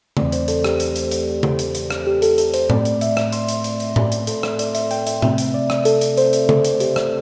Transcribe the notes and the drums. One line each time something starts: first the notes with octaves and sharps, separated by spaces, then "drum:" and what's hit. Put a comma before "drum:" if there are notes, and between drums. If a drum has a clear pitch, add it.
E2 E3 A3 C4 D5, drum: tom C#3
C5, drum: hi-hat
A4, drum: hi-hat
G4, drum: rim click
drum: hi-hat
drum: hi-hat
drum: hi-hat
drum: tom C#3
drum: hi-hat
drum: hi-hat
drum: rim click
G4
A4, drum: hi-hat
A4, drum: hi-hat
C5, drum: hi-hat
A2 A3 C4 D5, drum: tom A2
drum: hi-hat
E5, drum: hi-hat
drum: rim click
C6, drum: hi-hat
drum: hi-hat
drum: hi-hat
drum: hi-hat
D5, drum: tom A2
drum: hi-hat
A4, drum: hi-hat
drum: rim click
D5, drum: hi-hat
E5, drum: hi-hat
G5, drum: hi-hat
E5, drum: hi-hat
C3 A3 C4 E5, drum: tom A2
drum: hi-hat
D5
drum: rim click
A4, drum: hi-hat
drum: hi-hat
C5, drum: hi-hat
drum: hi-hat
A4, drum: tom C#3
drum: hi-hat
G4, drum: hi-hat
drum: rim click